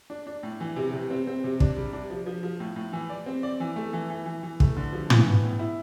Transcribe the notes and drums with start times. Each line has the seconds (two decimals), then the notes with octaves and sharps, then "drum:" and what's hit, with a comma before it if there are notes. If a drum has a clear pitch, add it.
0.10 D4
0.27 D4
0.43 A2
0.60 E3
0.76 C3
0.93 C3
1.10 C4
1.27 C4
1.44 C3
1.60 D4, drum: kick
1.77 G3
1.93 D4
2.10 F3
2.26 F3
2.43 F3
2.60 A2
2.76 A2
2.93 E3
3.09 D5
3.26 C4
3.43 D5
3.60 E3
3.76 A3
3.93 E3
4.10 E3
4.26 E3
4.43 E3
4.60 A3, drum: kick
4.77 D3
4.93 F3
5.10 E3, drum: tom
5.26 B3
5.42 A2
5.59 E4